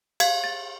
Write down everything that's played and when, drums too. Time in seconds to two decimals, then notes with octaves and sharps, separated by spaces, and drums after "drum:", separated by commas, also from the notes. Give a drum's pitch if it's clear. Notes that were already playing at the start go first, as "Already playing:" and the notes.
0.20 F5 G#6, drum: cymbal
0.44 A6